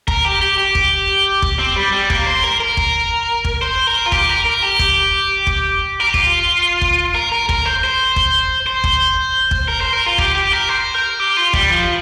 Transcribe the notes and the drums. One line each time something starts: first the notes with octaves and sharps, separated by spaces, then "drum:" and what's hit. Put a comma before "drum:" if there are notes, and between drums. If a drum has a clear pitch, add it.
A#4, drum: kick
G4
G4
G4
drum: kick
drum: kick
C4
G3
G3
A#3, drum: kick
C5
A#4
A#4
drum: kick
drum: kick
C5
A#4
F4
G4, drum: kick
A#4
A#4
G4
drum: kick
drum: kick
A#4
G4
F4, drum: kick
drum: kick
A#4
A#4
A#4, drum: kick
C5
C5
drum: kick
C5
drum: kick
drum: kick
A#4
C5
A#4
F4
G4, drum: kick
G4
A#4
C5
A#4
G4
F4
G3, drum: kick
F3